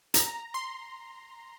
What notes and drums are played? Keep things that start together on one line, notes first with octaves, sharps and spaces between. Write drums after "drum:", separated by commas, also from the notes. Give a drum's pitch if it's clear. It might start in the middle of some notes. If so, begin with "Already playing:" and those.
A#5, drum: hi-hat
C6